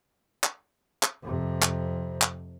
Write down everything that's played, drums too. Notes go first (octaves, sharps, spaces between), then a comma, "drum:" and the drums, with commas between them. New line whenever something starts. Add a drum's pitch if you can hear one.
drum: clap
drum: clap
F2 C3
drum: clap
drum: clap